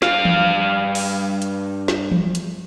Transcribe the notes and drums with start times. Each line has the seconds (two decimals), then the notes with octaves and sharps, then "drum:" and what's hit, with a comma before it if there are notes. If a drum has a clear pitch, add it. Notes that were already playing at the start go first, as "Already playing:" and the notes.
0.02 G2 F5, drum: snare
0.25 drum: tom E3
0.95 drum: open hi-hat
1.42 drum: hi-hat
1.88 drum: snare
2.12 drum: tom E3
2.35 drum: hi-hat